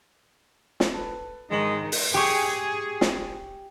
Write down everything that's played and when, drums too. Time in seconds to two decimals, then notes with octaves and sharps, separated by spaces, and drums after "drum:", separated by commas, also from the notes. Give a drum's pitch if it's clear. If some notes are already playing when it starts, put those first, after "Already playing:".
0.80 drum: snare
0.94 A4 B4
1.51 G#1 D#3 G#3 C#6 F#7
1.92 drum: open hi-hat
2.14 G4 G#4 C#6
3.01 drum: snare